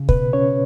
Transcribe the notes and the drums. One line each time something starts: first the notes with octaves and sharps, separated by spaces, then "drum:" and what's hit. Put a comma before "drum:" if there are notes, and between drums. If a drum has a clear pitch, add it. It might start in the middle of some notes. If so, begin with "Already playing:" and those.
Already playing: C#3
B2 B4, drum: kick
C#4 C#5